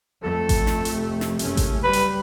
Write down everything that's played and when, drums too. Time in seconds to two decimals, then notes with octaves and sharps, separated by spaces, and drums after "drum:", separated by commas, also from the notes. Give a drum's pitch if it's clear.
0.23 F2 A3 A4
0.49 drum: kick G#1, hi-hat
0.67 drum: snare
0.85 drum: hi-hat
0.97 C3
1.21 drum: snare
1.39 F#1 A3 C#4, drum: hi-hat
1.57 drum: kick G#1, hi-hat
1.84 G3 B4
1.93 drum: hi-hat